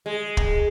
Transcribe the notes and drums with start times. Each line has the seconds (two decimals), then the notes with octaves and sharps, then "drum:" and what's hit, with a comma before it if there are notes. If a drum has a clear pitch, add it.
0.06 G#3
0.37 drum: kick